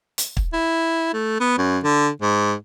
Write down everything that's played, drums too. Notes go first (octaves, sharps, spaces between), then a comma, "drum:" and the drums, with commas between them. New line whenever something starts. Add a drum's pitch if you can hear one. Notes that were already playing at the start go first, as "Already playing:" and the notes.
drum: hi-hat
drum: kick
E4
A3
B3
F#2
D3
G#2